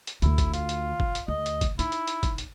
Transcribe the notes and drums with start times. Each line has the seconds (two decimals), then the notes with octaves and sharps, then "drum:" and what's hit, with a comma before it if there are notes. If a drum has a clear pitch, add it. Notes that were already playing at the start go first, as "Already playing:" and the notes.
0.07 drum: hi-hat
0.22 D2 D3 E4, drum: hi-hat
0.38 drum: kick, hi-hat
0.54 F4, drum: hi-hat
0.69 drum: hi-hat
1.00 drum: kick
1.15 drum: hi-hat
1.28 D2 D#5
1.46 drum: hi-hat
1.61 drum: kick, hi-hat
1.79 D#4 E4, drum: hi-hat
1.92 drum: hi-hat
2.07 drum: hi-hat
2.23 drum: kick, hi-hat
2.38 drum: hi-hat